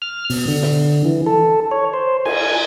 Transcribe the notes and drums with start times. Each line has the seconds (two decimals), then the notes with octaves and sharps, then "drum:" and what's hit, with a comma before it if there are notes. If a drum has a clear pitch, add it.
0.02 F6
0.30 B2, drum: open hi-hat
0.48 D3
0.63 drum: snare
1.05 E3
1.26 A4
1.71 C#5
1.93 C5
2.25 G#5, drum: cymbal